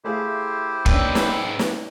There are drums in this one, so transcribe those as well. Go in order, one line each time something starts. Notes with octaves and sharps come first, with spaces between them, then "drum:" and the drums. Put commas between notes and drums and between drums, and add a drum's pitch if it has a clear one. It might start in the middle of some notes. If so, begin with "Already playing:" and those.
A3 E4 G4 G#4 C5 F5
G#2 A#3 C#4 D4 B4 G5 E6, drum: kick
drum: snare
drum: snare